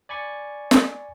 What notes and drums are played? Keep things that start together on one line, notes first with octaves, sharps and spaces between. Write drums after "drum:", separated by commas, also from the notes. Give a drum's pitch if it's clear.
D5 G#5 B5 C#6
drum: snare